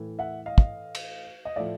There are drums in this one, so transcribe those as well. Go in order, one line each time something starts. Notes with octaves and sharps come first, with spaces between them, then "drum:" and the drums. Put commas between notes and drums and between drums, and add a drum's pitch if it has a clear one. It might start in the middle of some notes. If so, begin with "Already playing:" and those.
Already playing: A2 E3
E5 F#5
D#5 F5
drum: kick
drum: cymbal
D#5
A2 F3 D5 E5